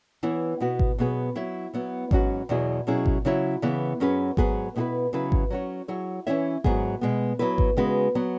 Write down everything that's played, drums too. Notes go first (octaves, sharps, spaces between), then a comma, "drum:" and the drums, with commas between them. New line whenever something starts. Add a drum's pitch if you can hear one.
E3 B3 E4 C#5
B2 B3 F#4
drum: kick G#1
B2 F#3 B3 G#4
F#3 E4 C#5 E5
F#3 B3 E4
G#2 F#3 C#4 F#4 B4, drum: kick G#1
E2 B2 F#3 E4 G#4
B2 F#3 C#4 E4 G#4
drum: kick G#1
C#3 F#3 E4 C#5 E5
C#3 E3 B3
F#2 F#3 C#4 G#4 B4
G#2 F#3 B3 G#4 B4, drum: kick G#1
B2 B3 E4 G#4 B4
C#3 F#3 E4 B4
drum: kick G#1
F#3 C#4 F#4 C#5
F#3 E4 G#4 C#5
E3 C#4 E4 C#5 E5
G#2 F#3 B3 G#4, drum: kick G#1
B2 G#3 B3
F#3 B3 E4 B4
drum: kick G#1
C#3 G#3 B3 F#4 B4
F#3 B3